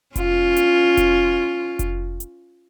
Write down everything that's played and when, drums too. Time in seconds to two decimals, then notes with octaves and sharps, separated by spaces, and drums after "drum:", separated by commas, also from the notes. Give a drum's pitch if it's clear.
0.16 C#4 F4, drum: kick F1, hi-hat
0.56 drum: hi-hat
0.97 drum: kick F1, hi-hat
1.79 drum: kick F1, hi-hat
2.20 drum: hi-hat